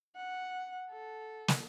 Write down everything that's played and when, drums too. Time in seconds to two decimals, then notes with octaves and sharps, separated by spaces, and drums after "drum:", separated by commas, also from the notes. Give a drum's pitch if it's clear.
0.17 F#5
0.91 A4
1.48 drum: snare